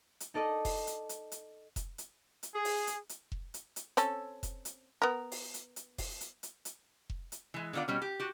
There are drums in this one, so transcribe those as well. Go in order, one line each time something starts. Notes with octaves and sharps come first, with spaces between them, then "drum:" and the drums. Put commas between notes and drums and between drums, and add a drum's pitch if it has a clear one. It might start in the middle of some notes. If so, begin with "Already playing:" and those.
drum: hi-hat
D#4 A4 D5 D#5
drum: kick F1, open hi-hat
drum: hi-hat
drum: hi-hat
drum: hi-hat
drum: kick F1, hi-hat
drum: hi-hat
drum: hi-hat
G#4
drum: open hi-hat
drum: hi-hat
drum: hi-hat
drum: kick F1
drum: hi-hat
drum: hi-hat
C4 C#4 A4, drum: hi-hat
drum: kick F1, hi-hat
drum: hi-hat
B3 A#4
drum: open hi-hat
drum: hi-hat
drum: hi-hat
drum: kick F1, open hi-hat
drum: hi-hat
drum: hi-hat
drum: hi-hat
drum: kick F1
drum: hi-hat
E3 G#3
D3 D#3 B3 F4 D5
B2 G3 C#4
G4
F#4 G4